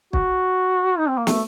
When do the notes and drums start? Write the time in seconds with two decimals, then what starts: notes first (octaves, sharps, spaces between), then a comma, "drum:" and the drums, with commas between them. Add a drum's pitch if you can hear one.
0.13 F#4, drum: kick
0.99 D#4
1.08 C4
1.17 A#3
1.27 A3, drum: snare